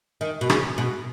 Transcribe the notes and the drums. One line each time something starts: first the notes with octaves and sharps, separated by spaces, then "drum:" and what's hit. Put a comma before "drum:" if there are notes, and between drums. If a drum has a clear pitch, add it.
D#3
B2
C#3, drum: rim click
B2